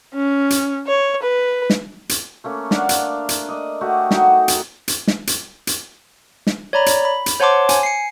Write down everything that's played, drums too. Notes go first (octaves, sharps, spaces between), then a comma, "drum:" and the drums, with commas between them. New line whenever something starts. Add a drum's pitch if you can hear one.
C#4
drum: hi-hat
C#5
B4
drum: snare
drum: hi-hat
A3 A#3 C#4
D4 D5 F5 F#5, drum: snare
drum: hi-hat
drum: hi-hat
D5 D#5
A3 F#4 G4
D#4 F#4 F#5, drum: snare
drum: hi-hat
drum: hi-hat
drum: snare
drum: hi-hat
drum: hi-hat
drum: snare
C#5 D5 A#5 B5
drum: hi-hat
B5
drum: hi-hat
C5 C#5 F#5 A5 C6 D6
G#5, drum: hi-hat
C7 C#7